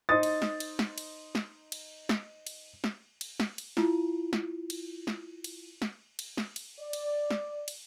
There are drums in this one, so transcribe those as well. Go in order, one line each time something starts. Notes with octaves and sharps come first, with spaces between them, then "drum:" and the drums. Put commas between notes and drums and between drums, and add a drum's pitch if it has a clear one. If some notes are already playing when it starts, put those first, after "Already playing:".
D#4 C5 D#6 A6
drum: cymbal
drum: snare
drum: cymbal
drum: snare
drum: cymbal
drum: snare
drum: cymbal
drum: snare
drum: cymbal
drum: snare
drum: cymbal
drum: snare
drum: cymbal
E4 F4, drum: snare
drum: snare
drum: cymbal
drum: snare
drum: cymbal
drum: snare
drum: cymbal
drum: snare
drum: cymbal
D5
drum: cymbal
drum: snare
drum: cymbal